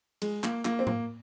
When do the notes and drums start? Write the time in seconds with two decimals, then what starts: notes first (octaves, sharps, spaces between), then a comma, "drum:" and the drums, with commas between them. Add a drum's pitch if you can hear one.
0.22 G#3, drum: cymbal
0.43 A#3, drum: clap
0.65 A#3, drum: clap
0.79 C4
0.87 A#3, drum: tom A2